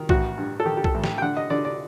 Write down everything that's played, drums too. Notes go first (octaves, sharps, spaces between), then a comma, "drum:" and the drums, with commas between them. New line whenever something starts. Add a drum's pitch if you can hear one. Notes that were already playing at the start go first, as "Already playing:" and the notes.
Already playing: D#3
A1 F#4, drum: kick B1
G2
A4
D#3 G4
G4
A4, drum: kick B1
A1
G4, drum: snare
G5
D3 F#5
D#5
D3 D5
D5